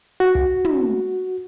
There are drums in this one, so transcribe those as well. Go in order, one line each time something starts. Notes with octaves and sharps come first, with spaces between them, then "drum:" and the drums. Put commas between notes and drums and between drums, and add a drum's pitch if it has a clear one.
F#4
drum: kick
drum: tom